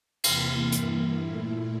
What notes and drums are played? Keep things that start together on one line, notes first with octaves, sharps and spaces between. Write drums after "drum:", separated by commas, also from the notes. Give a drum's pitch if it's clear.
E2 C3 E3 A#3, drum: cymbal
G2 E3 A#3 E4, drum: hi-hat
A#2 A3 E4